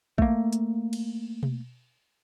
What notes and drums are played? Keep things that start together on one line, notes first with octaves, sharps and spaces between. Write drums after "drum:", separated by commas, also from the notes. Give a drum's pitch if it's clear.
A3 A#3, drum: kick
drum: hi-hat
drum: cymbal
drum: tom B2